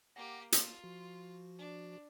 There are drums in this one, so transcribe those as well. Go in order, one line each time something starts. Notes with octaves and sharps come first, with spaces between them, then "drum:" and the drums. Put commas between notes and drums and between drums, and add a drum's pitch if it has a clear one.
A#3 G4 F#5 A#6
A#3 F4, drum: hi-hat
F3 F#4
D4